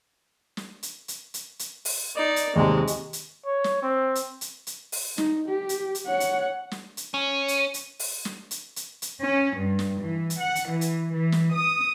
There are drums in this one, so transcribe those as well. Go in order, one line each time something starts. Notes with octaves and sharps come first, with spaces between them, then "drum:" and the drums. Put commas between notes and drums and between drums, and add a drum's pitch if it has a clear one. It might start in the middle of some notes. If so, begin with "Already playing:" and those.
drum: snare
drum: hi-hat
drum: hi-hat
drum: hi-hat
drum: hi-hat
drum: open hi-hat
D#4 D5
drum: hi-hat
D#2 C3 G#3
drum: hi-hat
drum: hi-hat
C#5
drum: snare
C4
drum: hi-hat
drum: hi-hat
drum: hi-hat
drum: open hi-hat
D#4, drum: snare
G4
drum: hi-hat
drum: hi-hat
C#5 F#5
drum: hi-hat
drum: snare
drum: hi-hat
C#4
drum: hi-hat
drum: hi-hat
drum: open hi-hat
drum: snare
drum: hi-hat
drum: hi-hat
drum: hi-hat
C#4
G2
drum: snare
E3
drum: hi-hat
F#5
drum: hi-hat
E3
drum: hi-hat
E3
drum: snare
D#6